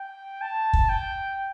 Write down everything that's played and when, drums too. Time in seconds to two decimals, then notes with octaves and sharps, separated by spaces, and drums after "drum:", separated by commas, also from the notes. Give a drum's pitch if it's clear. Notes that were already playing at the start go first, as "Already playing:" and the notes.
Already playing: G5
0.41 A5
0.73 drum: kick
0.89 G5